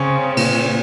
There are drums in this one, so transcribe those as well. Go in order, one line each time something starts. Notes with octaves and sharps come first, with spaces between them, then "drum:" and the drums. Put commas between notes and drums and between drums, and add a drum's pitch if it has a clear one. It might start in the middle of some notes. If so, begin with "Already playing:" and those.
Already playing: C#3 C4 C#4
A#2, drum: cymbal